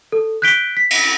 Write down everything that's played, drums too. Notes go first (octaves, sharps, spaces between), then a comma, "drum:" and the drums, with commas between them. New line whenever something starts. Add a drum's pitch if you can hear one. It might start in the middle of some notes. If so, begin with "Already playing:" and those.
A4
F#6 G6 B6 D7 G7
B6
drum: cymbal